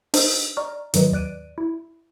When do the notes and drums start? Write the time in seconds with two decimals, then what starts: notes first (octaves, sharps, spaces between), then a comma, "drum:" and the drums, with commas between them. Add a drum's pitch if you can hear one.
0.14 D4 D#4 C5 D#5, drum: open hi-hat
0.57 D5 D#5 A#5 C#6 F6
0.94 G#2 D#3 F#3 B4 D#5, drum: hi-hat
1.12 D#2 D5 F#6 D7 D#7
1.58 E4